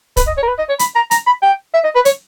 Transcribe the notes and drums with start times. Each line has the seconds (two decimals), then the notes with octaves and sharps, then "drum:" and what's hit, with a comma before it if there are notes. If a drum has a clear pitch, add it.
0.17 B4, drum: kick, hi-hat
0.27 D#5
0.37 C#5
0.43 A#4
0.48 B4
0.58 D#5
0.69 C#5
0.79 B5, drum: hi-hat
0.95 A#5
1.11 A#5, drum: hi-hat
1.26 B5
1.42 G5
1.74 E5
1.84 D#5
1.95 B4
2.05 C#5, drum: hi-hat